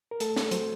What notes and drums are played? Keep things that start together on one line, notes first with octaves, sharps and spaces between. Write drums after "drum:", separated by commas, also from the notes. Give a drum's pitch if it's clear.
A#4
A3 A4, drum: hi-hat
drum: snare
F#3 C5, drum: hi-hat